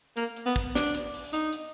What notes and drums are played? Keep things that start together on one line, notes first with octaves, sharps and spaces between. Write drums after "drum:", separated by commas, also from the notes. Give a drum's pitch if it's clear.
A#3, drum: hi-hat
drum: hi-hat
B3
drum: kick
D4, drum: snare
drum: hi-hat
drum: open hi-hat
D#4, drum: hi-hat
drum: hi-hat